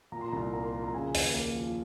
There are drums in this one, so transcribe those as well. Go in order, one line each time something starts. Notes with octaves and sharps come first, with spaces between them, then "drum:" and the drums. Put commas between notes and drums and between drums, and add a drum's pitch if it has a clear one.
A#2 A#5
C6
C2 A#5
A#3 A#5
C6
F3 A#5
A#5
C#3 G#5
D#2, drum: open hi-hat
A#3
F3